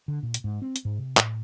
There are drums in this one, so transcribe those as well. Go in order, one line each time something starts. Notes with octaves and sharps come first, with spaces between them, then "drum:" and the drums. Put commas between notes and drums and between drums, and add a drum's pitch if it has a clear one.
D3
A#2
drum: hi-hat
G#2
C4
drum: hi-hat
G#2
C3
A2, drum: clap